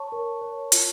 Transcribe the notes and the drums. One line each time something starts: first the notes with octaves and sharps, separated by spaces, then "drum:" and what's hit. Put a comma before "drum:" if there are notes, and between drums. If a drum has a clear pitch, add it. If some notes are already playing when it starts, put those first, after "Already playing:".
Already playing: C#5 A5 C#6
A#4
C#5
F4, drum: hi-hat